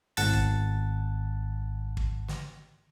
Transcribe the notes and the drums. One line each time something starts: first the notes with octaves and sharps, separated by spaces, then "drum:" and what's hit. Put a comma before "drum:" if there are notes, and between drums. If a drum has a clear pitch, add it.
G#1 F#5 A5 A6, drum: open hi-hat
drum: kick
drum: kick
drum: snare